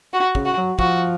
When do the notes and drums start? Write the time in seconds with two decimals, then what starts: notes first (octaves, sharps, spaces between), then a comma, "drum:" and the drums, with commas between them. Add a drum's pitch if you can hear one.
0.13 F#4
0.35 C#3, drum: kick
0.46 F#4
0.57 F#3
0.79 F3 F#4, drum: kick